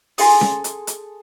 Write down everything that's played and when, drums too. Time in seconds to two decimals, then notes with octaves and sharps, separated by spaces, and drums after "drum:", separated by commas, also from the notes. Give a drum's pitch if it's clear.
0.18 G#4 A4 G#5 C6, drum: open hi-hat
0.41 drum: snare C#4
0.64 drum: hi-hat
0.87 drum: hi-hat